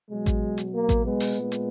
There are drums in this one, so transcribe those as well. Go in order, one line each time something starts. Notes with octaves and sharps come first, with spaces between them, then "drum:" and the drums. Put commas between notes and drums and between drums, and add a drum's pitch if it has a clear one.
B2 F#3 G#3
drum: kick A1, hi-hat
drum: hi-hat
A#3
drum: kick A1, hi-hat
G#3 B3
drum: open hi-hat
A#2 G#3
drum: hi-hat